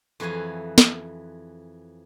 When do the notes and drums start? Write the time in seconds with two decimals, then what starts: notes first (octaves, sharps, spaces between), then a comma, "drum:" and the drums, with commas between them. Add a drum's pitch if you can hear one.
0.20 F2 E3 F#4 G#4 F5 G#5
0.78 drum: snare